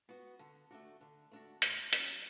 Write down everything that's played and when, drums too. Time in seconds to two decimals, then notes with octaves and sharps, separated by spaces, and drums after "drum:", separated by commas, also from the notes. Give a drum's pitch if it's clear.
0.09 B3 F#4
0.39 D3
0.71 A3 D4 F#4
1.01 D3
1.31 A3 D4 F#4
1.62 A2, drum: hi-hat
1.93 F#3 C#4, drum: hi-hat